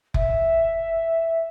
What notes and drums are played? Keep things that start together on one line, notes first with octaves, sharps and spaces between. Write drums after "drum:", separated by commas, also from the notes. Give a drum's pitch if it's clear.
E5, drum: kick F1